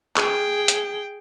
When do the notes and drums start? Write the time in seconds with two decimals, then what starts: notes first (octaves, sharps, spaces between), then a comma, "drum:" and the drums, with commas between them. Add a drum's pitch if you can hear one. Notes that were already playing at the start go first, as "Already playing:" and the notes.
0.16 G#4 G5, drum: clap
0.68 drum: hi-hat